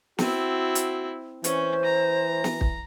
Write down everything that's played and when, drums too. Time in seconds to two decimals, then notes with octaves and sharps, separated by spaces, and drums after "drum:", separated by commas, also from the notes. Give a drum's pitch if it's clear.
0.18 C4 E4 F#4, drum: snare
0.75 drum: hi-hat
1.44 E3 C#4 C5, drum: hi-hat
1.85 A#5
2.44 drum: snare
2.61 drum: kick